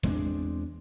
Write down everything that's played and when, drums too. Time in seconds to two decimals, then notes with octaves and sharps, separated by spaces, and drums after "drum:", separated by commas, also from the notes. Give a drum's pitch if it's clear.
0.03 E2 G#3 C4 D4, drum: kick